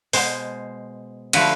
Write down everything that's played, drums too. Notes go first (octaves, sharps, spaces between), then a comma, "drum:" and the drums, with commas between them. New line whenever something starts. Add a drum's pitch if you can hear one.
B2 G#3 C5, drum: open hi-hat
D3 F3 A3 B4, drum: cymbal